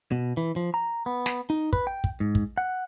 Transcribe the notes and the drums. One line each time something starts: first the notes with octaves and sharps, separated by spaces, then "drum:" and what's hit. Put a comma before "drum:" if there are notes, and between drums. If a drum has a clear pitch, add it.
B2
E3
F3
A#5
B3
drum: snare
D#4
B4, drum: kick
G5
drum: kick
G#2
drum: kick
F#5